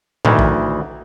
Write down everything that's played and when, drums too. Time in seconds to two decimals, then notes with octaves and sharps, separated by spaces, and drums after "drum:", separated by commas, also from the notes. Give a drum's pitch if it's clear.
0.25 D2 D#3 E3, drum: tom A2
0.39 drum: kick A#1